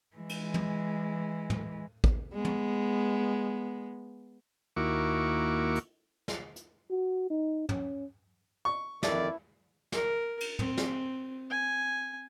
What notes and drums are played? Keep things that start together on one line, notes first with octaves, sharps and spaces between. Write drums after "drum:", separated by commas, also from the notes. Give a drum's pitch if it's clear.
E3 G#3
drum: cymbal
drum: tom
drum: tom
drum: kick
G#3 B3
drum: tom
D#2 A#3 E4 F#4 C#6 D6
drum: hi-hat
drum: snare
drum: hi-hat
F#4
D#4
C#4, drum: tom
C#6
F2 D#3 E4 A4 B4 D5, drum: snare
A#4, drum: snare
drum: cymbal
C4, drum: tom
drum: snare
G#5